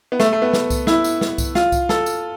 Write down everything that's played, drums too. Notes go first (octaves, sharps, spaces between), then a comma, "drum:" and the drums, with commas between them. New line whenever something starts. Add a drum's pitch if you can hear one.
B3
A3, drum: snare
A3
B3
drum: snare
drum: kick C2, tambourine
E4, drum: snare
drum: tambourine
drum: snare
drum: kick C2, tambourine
F4, drum: snare
drum: kick C2, tambourine
A4, drum: snare
drum: tambourine